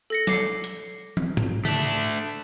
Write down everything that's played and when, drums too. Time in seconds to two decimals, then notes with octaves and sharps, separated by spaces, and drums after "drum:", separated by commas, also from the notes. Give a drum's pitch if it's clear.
0.10 A4 A#6 C#7
0.27 D6 C7 C#7, drum: snare
0.64 drum: hi-hat
1.17 drum: tom
1.37 drum: tom G#2
1.65 A3 D4 B6, drum: tom C#3